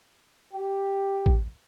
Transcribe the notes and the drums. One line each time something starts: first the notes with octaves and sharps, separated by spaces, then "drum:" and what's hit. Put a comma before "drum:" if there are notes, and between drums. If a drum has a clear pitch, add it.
G4
drum: kick